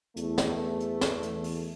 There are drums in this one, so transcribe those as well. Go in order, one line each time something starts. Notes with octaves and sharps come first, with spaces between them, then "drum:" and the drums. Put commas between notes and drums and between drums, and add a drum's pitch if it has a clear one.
E2 A3, drum: hi-hat
drum: snare
drum: hi-hat
drum: snare
drum: hi-hat
drum: open hi-hat